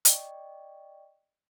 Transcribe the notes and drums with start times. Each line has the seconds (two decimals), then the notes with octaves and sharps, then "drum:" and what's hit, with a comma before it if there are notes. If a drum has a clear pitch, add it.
0.05 D5 D#5 G5 C#6, drum: hi-hat